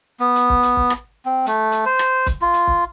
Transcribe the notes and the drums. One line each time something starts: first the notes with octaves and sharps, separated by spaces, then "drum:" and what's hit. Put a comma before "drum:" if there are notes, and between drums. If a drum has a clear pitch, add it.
B3
drum: hi-hat
drum: kick
drum: hi-hat
drum: kick
drum: rim click
C4
A3, drum: hi-hat
drum: hi-hat
C5
drum: rim click
drum: kick, hi-hat
F4
drum: hi-hat
drum: kick